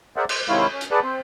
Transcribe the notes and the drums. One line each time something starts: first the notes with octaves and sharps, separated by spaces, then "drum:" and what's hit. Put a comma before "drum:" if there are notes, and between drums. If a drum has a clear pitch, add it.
G#4 A#4 C5 D5 E5 F#5
C5, drum: cymbal
C3 D#3 G#3 E4 C#5 F5
C#4
drum: hi-hat
G#4 B4 D5 F#5 A5
C4 C5